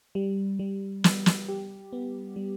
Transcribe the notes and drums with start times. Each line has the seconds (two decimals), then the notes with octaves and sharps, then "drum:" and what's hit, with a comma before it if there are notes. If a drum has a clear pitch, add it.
0.15 G3
0.59 G3
1.04 G3, drum: snare
1.26 drum: snare
1.49 G4
1.93 B3
2.36 G3